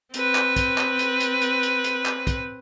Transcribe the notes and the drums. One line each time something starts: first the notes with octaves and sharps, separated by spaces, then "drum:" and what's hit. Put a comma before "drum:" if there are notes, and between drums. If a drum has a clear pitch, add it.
C4 B4, drum: hi-hat
drum: clap
drum: kick, hi-hat
drum: clap
drum: hi-hat
drum: hi-hat
drum: hi-hat
drum: hi-hat
drum: hi-hat
drum: clap
drum: kick, hi-hat